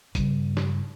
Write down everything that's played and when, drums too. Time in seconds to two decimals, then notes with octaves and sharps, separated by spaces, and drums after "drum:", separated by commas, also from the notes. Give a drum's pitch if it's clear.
0.15 G2 C#3, drum: kick A1, hi-hat
0.57 drum: snare